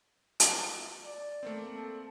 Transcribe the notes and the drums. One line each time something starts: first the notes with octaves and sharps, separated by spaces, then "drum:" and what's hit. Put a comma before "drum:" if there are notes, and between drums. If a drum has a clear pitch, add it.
drum: hi-hat
D5
A3 A#3 C4
A4